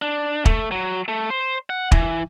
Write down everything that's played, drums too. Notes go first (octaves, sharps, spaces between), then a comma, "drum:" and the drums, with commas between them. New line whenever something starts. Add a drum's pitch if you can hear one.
D4
A3, drum: kick
F#3
A3
C5
F#5
E3, drum: kick